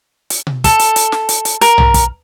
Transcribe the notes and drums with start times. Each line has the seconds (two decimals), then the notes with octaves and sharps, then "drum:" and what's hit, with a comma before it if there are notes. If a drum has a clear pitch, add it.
0.30 drum: hi-hat
0.47 drum: tom B2
0.64 A4, drum: kick, hi-hat
0.79 drum: hi-hat
0.96 drum: hi-hat
1.12 drum: snare
1.29 drum: hi-hat
1.45 drum: hi-hat
1.61 A#4, drum: hi-hat
1.78 drum: tom
1.94 drum: kick, hi-hat